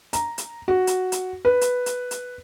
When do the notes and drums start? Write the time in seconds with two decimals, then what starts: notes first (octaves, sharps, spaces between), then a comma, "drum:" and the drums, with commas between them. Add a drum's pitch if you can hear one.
0.13 A#5, drum: hi-hat
0.38 drum: hi-hat
0.68 F#4
0.87 drum: hi-hat
1.12 drum: hi-hat
1.45 B4
1.61 drum: hi-hat
1.86 drum: hi-hat
2.11 drum: hi-hat